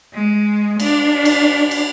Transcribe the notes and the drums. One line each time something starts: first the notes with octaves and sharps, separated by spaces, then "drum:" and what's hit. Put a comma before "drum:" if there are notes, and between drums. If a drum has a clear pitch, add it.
G#3
D4, drum: cymbal
drum: cymbal
drum: cymbal